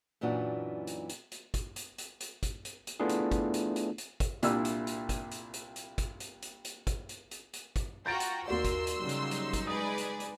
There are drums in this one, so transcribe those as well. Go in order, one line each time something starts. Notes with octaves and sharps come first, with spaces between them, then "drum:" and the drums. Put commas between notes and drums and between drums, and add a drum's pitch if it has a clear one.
F#2 A#2 E3 D4 D#4 F#4
drum: hi-hat
drum: hi-hat
drum: hi-hat
drum: kick, hi-hat
drum: hi-hat
drum: hi-hat
drum: hi-hat
drum: kick, hi-hat
drum: hi-hat
drum: hi-hat
A3 B3 D4 E4 F4 G#4
drum: hi-hat
drum: kick, hi-hat
drum: hi-hat
drum: hi-hat
drum: hi-hat
drum: kick, hi-hat
C2 A#2 D4 E4 E5 E6, drum: hi-hat
drum: hi-hat
drum: hi-hat
drum: kick, hi-hat
drum: hi-hat
drum: hi-hat
drum: hi-hat
drum: kick, hi-hat
drum: hi-hat
drum: hi-hat
drum: hi-hat
drum: kick, hi-hat
drum: hi-hat
drum: hi-hat
drum: hi-hat
drum: kick, hi-hat
F4 F#4 G5 A#5 G6 A6 D7
drum: hi-hat
D#2 A#3 F#4 A#4 D5 C6 E6
drum: kick, hi-hat
drum: hi-hat
C#3 F#3 G3 D#4
drum: hi-hat
drum: hi-hat
drum: kick, hi-hat
G#3 G#4 B4 D5 D#6
drum: hi-hat
drum: hi-hat